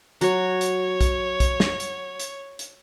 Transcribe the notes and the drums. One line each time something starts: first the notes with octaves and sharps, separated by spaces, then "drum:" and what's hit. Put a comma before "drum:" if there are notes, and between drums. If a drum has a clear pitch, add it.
F#3 C#5, drum: hi-hat
drum: hi-hat
drum: kick, hi-hat
drum: kick, hi-hat
drum: snare
drum: hi-hat
drum: hi-hat
drum: hi-hat